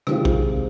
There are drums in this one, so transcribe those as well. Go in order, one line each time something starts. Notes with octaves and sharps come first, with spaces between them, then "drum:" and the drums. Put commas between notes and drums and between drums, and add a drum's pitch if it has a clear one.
C3 D#3 G#3 C4 F4, drum: rim click
drum: kick A#1